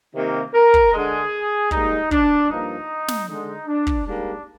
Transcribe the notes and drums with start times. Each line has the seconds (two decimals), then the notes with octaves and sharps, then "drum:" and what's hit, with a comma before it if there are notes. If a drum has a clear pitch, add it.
0.15 C3 D#3 A#3
0.54 A#4
0.74 drum: kick
0.93 D3 G#3 G#4
1.71 G#2 G3 A#3 D#4, drum: kick
2.11 D4, drum: kick
2.49 G2 F3 A#3 D#4
3.08 drum: snare
3.27 D3 G#3 D#4
3.67 D4
3.87 drum: kick
4.06 G#2 G3 A#3 D4